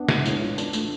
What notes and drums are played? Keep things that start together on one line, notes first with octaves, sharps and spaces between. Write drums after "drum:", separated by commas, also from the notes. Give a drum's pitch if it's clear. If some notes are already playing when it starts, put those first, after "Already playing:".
Already playing: B3 D4
G#3, drum: snare
A2, drum: tambourine
F4
D4, drum: tambourine
A3, drum: tambourine